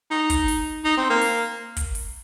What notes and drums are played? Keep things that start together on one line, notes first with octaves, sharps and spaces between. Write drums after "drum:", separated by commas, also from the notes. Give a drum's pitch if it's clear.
D#4
drum: kick, hi-hat
drum: open hi-hat
D#4
C4
A#3
drum: open hi-hat
drum: kick, hi-hat
drum: open hi-hat